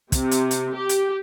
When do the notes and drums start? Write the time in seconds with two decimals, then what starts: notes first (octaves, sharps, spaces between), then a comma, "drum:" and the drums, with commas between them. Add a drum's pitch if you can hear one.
0.12 C3, drum: kick, hi-hat
0.31 drum: hi-hat
0.51 drum: hi-hat
0.74 G4
0.89 drum: hi-hat